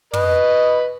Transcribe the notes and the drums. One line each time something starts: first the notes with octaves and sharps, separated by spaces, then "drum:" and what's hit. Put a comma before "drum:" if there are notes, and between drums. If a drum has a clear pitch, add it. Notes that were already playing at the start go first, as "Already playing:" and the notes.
B4 D#5, drum: tom